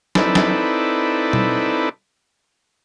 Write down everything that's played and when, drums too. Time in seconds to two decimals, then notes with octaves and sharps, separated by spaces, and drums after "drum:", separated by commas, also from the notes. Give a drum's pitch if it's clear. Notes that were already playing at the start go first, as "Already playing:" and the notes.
0.15 C4 D#4 E4 A4 B4 D5, drum: snare
0.35 drum: snare
1.33 drum: tom